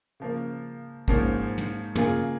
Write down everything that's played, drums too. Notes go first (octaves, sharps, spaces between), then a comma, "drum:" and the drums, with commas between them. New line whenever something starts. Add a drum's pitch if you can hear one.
C#3 F3 A#3
G#2 F3 A#3 C#4, drum: kick
drum: tom
C#3 A#3 F4 G#4, drum: tom